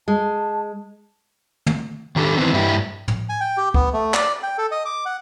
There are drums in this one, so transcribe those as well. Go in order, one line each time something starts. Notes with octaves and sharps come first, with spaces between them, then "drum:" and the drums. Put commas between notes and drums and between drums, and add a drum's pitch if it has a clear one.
G#3 A5
drum: tom
D#3 D4 G4 A4
D#3 E3 B3 C4
G2 E4 G4
drum: tom
G#5
G5
G4
B3, drum: kick
A3
D5, drum: clap
G5
A4
D#5
D6
F#5